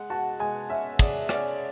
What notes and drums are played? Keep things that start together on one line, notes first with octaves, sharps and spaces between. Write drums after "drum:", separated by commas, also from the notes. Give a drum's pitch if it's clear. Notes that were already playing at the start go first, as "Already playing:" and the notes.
Already playing: G#3 F#5
F#4 A5
G#3 G#5
C#4 E5
G#4 D5, drum: kick, cymbal
C#4 D5, drum: rim click